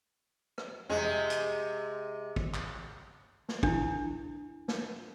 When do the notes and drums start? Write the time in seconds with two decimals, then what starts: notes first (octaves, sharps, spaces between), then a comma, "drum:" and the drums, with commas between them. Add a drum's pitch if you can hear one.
0.58 drum: rim click
0.89 C3 G#3, drum: tom
1.30 drum: hi-hat
2.36 drum: kick
2.54 drum: clap
3.49 drum: snare
3.63 D4 E4, drum: kick
4.68 drum: snare